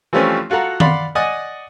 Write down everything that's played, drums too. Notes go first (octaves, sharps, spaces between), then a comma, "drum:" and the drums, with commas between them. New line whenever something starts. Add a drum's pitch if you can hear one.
E3 F3 G3 A3 C4 C#4
F4 F#4 A4 F#5 A#5
D5 F5 F#5 B5 C6, drum: tom D#3
D5 D#5 F#5 G#5 D#6